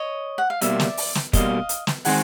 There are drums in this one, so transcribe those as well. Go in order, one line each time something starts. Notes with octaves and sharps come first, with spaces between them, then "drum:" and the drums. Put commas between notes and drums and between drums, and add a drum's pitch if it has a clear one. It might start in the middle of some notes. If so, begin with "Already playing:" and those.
Already playing: C#5 D#5
F#5
F5
B2 G3 A#3 D5 E5, drum: hi-hat
drum: snare
drum: open hi-hat
drum: snare
B2 G3 A#3 D#5 F5, drum: kick, hi-hat
drum: hi-hat
drum: snare
D#3 G#3 C4 F#5 G#5, drum: open hi-hat